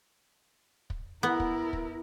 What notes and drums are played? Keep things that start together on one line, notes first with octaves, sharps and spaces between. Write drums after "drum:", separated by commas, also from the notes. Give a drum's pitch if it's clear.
drum: kick
B3 E4 A#4
drum: kick
drum: kick